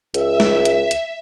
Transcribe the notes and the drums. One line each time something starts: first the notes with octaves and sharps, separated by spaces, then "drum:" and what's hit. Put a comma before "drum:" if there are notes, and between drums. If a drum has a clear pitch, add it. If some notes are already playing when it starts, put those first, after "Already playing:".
C#2 E5, drum: hi-hat
drum: snare
drum: hi-hat
drum: hi-hat